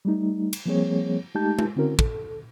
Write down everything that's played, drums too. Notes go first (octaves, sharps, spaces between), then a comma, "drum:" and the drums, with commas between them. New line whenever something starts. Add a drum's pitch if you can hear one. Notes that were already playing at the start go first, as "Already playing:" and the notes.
G3 A3 D#4
drum: cymbal
F3 G3 A#3 C4 G#4 C#5
G#3 A3 D#4 G4 A5 G6
drum: tom G#3
D3 C4 C#4 E4 F#4 A#4
A4, drum: kick